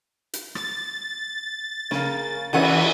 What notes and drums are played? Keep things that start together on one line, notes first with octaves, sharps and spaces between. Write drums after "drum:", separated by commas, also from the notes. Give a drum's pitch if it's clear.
drum: hi-hat
A6, drum: rim click
C#3 A#3, drum: snare
E3 B3 C#4 F#5 D#7, drum: cymbal